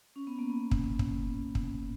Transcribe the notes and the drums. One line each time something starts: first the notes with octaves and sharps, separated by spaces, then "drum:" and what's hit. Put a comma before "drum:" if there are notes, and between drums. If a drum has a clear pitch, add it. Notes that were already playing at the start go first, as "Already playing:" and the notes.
C#4
B3
A#3
B3
drum: kick
drum: kick
drum: kick